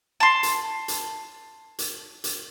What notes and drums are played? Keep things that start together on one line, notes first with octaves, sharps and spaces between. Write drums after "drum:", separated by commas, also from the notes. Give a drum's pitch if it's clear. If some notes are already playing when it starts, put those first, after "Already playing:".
A5 C6
drum: hi-hat
drum: hi-hat
drum: hi-hat
drum: hi-hat